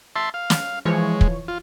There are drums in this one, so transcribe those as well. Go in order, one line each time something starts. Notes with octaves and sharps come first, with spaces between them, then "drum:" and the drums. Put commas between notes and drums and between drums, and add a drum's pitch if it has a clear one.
E5 A5 C6
F5
drum: snare
E3 F3 G#3 C#5
drum: kick
F4